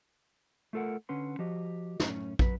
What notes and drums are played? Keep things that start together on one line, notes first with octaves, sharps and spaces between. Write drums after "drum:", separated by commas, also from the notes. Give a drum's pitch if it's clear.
A3 F4 A4 A#4 F#5
D3 C#4 B4 F#5 C6
F3 F#4 G4 D#5
F#2 A2 C#4, drum: snare
F#3 B4, drum: kick